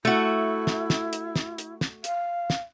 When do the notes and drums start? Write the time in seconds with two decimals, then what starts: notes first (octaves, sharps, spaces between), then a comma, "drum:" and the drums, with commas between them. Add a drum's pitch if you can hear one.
0.05 A3 E4 F#4
0.67 drum: snare
0.90 drum: snare
1.13 drum: hi-hat
1.36 drum: snare
1.58 drum: hi-hat
1.81 drum: snare
2.04 F5, drum: hi-hat
2.50 drum: snare